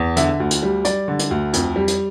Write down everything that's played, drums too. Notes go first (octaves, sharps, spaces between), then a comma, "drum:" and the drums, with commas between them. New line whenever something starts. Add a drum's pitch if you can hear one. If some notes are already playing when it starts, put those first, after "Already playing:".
Already playing: E2
D3 E5, drum: hi-hat
D2
drum: hi-hat
G3
G3 D5, drum: hi-hat
D3
drum: hi-hat
D2
F2, drum: hi-hat
G3
drum: hi-hat